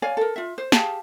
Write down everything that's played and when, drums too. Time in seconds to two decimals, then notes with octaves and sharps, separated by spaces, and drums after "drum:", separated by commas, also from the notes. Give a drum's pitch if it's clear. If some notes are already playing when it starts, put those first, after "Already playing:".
0.02 C#5 D5 F5 G#5
0.17 A4 A#4
0.36 F4 E5
0.58 C5
0.72 G4 G#4 F5 A5, drum: snare